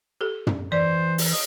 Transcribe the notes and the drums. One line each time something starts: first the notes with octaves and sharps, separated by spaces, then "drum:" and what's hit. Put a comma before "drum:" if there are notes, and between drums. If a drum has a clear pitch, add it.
G4 A4
drum: tom
E3 C5 D5
drum: open hi-hat
D#5